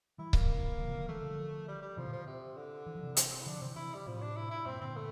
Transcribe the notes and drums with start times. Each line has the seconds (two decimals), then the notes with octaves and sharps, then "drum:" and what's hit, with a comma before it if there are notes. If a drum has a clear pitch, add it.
0.18 E3 G3 E4
0.33 D3 F3 A#3, drum: kick C#1
0.48 C3 E3
0.78 D3 F3
0.88 C3 E3
0.98 D3 F3
1.08 E3 G3 A3
1.22 D3 F3
1.68 G3
1.82 G3
1.97 C3 E3 F3
2.07 A#2 D3
2.13 F3
2.27 C3
2.57 D3
2.86 E3
2.95 F3
3.03 C3 E3
3.17 C4, drum: hi-hat
3.32 C4
3.41 E4
3.46 D3 F3 D4
3.62 C3 E3 C4
3.76 C3 E3 E4
3.94 G3
4.07 A2 C3 F3
4.22 D4
4.36 E4
4.51 E4
4.66 G2 A#2 C4
4.81 A#2 D3 C4
4.96 A3